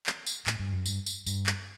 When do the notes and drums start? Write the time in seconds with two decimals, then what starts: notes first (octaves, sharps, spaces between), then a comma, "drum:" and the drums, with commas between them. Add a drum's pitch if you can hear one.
0.06 drum: clap
0.26 drum: tambourine
0.47 A2, drum: clap
0.59 G2
0.73 F#2
0.86 G2, drum: tambourine
1.06 drum: tambourine
1.26 G2, drum: tambourine
1.46 drum: clap